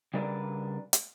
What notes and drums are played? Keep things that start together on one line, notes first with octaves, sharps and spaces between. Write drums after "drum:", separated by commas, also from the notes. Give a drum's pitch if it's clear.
C#3 G3 D4 A#4 B4 D5
drum: hi-hat